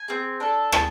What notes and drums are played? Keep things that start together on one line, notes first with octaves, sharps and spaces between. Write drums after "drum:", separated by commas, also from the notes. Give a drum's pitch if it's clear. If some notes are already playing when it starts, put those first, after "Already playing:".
Already playing: G#5
C4 G#4
D4 A4
G#4 A5, drum: rim click